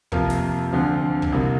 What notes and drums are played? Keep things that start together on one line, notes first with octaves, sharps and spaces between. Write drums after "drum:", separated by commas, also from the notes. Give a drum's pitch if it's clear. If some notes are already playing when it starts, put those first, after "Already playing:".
F2 C3 F3 A#3 F4 A#4, drum: kick
drum: snare
D2 D3 F3 C4 F4
drum: kick
C2 C3 A#3